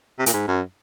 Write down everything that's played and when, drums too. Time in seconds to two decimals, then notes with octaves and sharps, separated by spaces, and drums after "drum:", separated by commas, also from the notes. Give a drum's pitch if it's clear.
0.19 C3
0.26 A#2, drum: hi-hat
0.33 G#2
0.48 F#2